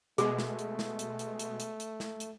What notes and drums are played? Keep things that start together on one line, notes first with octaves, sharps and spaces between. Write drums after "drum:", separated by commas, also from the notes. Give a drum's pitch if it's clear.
B2 G#3 A3 G#4, drum: hi-hat
drum: snare
drum: hi-hat
drum: snare
drum: hi-hat
drum: hi-hat
drum: hi-hat
drum: hi-hat
drum: hi-hat
drum: snare
drum: hi-hat